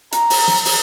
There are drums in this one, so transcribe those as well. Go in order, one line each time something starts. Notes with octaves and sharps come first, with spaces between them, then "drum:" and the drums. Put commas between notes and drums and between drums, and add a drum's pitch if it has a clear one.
A#5, drum: hi-hat
drum: open hi-hat
drum: snare
drum: open hi-hat